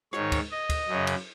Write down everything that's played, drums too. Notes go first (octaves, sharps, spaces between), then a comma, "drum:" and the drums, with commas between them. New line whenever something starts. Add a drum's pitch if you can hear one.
G#2 D#3 C#5, drum: rim click
drum: kick, cymbal
D#5
drum: kick, cymbal
F#2 C#3
drum: cymbal